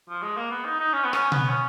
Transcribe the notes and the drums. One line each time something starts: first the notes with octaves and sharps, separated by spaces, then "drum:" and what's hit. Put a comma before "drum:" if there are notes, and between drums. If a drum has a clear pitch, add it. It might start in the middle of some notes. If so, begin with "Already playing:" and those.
F3
G#3
A#3
B3
D#4
D#4
C#4
B3
C#4, drum: rim click
B3, drum: tom B2
C#4